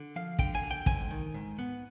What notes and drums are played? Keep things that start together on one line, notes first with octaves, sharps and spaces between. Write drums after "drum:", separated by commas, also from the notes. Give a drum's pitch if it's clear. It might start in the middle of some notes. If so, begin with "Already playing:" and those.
Already playing: D3
F3 F5
D3 G5, drum: kick
G#5
D3
G5
G#2 G#5, drum: kick
D#3
G#2
B3